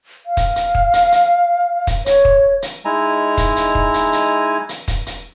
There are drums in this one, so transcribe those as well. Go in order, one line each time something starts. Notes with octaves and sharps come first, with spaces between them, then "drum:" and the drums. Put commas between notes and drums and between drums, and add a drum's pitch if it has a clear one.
F5
drum: kick, hi-hat
drum: hi-hat
drum: kick
drum: hi-hat
drum: hi-hat
drum: kick, hi-hat
C#5, drum: hi-hat
drum: kick
drum: hi-hat
G#3 D#4 E4 G#5 A#5
drum: kick, hi-hat
drum: hi-hat
drum: kick
drum: hi-hat
drum: hi-hat
drum: hi-hat
drum: kick, hi-hat
drum: hi-hat